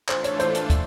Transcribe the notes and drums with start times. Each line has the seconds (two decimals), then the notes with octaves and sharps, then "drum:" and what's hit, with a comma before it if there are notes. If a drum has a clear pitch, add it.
0.09 E3 A3 D4 F4 A4 C5, drum: clap
0.24 C#5, drum: hi-hat
0.40 C5, drum: hi-hat
0.55 drum: hi-hat
0.70 drum: kick, hi-hat